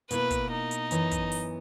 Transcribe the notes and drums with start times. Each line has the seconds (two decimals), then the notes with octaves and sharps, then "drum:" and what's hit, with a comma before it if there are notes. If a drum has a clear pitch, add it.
0.11 B2 A#3 E4 A#4 B4, drum: hi-hat
0.30 drum: kick, hi-hat
0.51 D#4
0.71 drum: hi-hat
0.91 F#2 E3 B3, drum: hi-hat
1.11 drum: kick, hi-hat
1.32 drum: open hi-hat